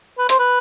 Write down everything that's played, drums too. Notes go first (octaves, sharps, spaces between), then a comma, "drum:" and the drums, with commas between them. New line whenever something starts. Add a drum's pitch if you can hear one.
B4
C5, drum: hi-hat
B4